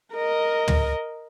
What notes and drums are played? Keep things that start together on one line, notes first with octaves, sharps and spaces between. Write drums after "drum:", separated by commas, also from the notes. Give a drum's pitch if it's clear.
A#4 D#5
drum: tom